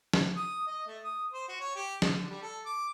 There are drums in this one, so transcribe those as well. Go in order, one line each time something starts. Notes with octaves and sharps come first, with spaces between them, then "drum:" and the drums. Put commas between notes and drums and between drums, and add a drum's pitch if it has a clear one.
drum: snare
D#6
D#5
A3
D#6
C5
F#4
C#5
G4
D3, drum: snare
G3
A4
D6